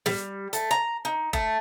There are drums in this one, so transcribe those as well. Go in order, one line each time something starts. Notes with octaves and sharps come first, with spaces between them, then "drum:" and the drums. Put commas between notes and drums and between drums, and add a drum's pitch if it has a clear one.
G3, drum: snare
A3, drum: hi-hat
A#5
D#4
A3, drum: kick F#1